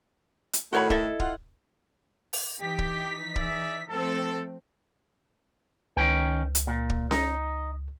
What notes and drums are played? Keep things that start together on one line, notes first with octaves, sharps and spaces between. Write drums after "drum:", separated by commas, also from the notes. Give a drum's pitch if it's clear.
drum: hi-hat
A2 D#3 A3 F#4 C#5 B5
E4 A4 D#5, drum: kick
F4 F#5, drum: kick
drum: open hi-hat
E3 D#4 G4 B6
drum: kick
G#4 D5 E5, drum: kick
F3 A3 C4 A4
C#2 D#3 C#4 G5
drum: hi-hat
A#2
drum: kick
D#4, drum: snare C#4